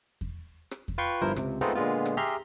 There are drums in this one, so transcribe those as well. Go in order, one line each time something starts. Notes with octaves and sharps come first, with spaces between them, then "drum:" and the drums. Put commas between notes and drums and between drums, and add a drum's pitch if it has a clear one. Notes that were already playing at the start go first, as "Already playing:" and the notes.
drum: kick E2
drum: rim click
drum: kick E2
F4 B4 G5 C6 C#6
G1 G2 F3 E4 A#4 C5
C#2 C3, drum: rim click
G#3 A3 B3 C4 D#4 F4
A#2 D3 G#3 B3 F4
drum: rim click
G4 G#4 E5 A#5 C6 F6